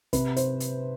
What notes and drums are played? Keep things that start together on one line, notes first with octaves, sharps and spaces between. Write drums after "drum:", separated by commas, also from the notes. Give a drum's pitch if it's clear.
C3 B4, drum: kick, hi-hat
C5, drum: hi-hat
drum: hi-hat